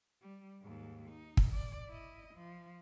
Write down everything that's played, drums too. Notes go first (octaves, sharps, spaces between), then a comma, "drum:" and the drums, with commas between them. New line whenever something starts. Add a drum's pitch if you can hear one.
G3
D#2 G#2
D#4
drum: kick
D5
E4 D#5
F3